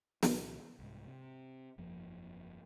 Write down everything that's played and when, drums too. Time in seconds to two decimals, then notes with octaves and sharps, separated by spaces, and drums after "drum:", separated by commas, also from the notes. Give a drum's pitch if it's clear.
0.23 C2 A#2 D#3 C#4, drum: snare
0.79 C2 G#2
1.07 C3
1.78 G1 F2 F3 A#3